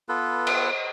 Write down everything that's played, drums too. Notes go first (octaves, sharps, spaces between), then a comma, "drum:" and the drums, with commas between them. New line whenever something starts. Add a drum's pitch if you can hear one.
B3 F4 A4 B4
drum: cymbal